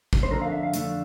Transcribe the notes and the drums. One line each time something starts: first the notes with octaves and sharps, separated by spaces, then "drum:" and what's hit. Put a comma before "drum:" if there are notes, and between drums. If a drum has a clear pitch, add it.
drum: kick
C5
F2 D3 A3 D4 A#4
F5
E5
F5
F2 D3 A3 D4, drum: hi-hat